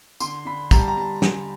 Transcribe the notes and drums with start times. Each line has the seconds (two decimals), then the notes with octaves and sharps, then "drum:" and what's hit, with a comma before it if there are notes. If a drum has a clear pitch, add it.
0.20 D3 C6, drum: tambourine
0.45 D3 B5
0.71 G3 A#5, drum: kick, tambourine
0.79 A5
0.88 A#5
0.96 G3 A5
1.22 D3 G#5, drum: snare